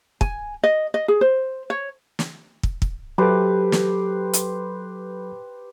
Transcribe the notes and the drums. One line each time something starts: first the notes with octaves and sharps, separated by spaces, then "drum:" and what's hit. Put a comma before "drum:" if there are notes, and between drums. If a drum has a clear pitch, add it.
G#5, drum: kick
D#5
D#5
G#4
C5
C#5
drum: snare
drum: kick
drum: kick
F#3 G4 A4 B4 C5
drum: snare
drum: hi-hat